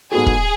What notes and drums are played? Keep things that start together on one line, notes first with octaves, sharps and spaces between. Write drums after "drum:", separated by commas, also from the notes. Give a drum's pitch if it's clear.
G#2 F#3 B3 F#4 G#4 A4
drum: kick